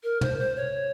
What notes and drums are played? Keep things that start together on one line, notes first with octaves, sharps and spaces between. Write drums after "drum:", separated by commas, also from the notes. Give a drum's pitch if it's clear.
A#4
C5, drum: tom
C5
C#5